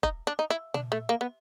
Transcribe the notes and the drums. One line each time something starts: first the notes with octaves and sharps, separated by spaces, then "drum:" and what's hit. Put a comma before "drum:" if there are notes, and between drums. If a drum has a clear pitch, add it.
D#4, drum: kick E1
D4
D#4
E4
D4, drum: tom
A3
A#3
B3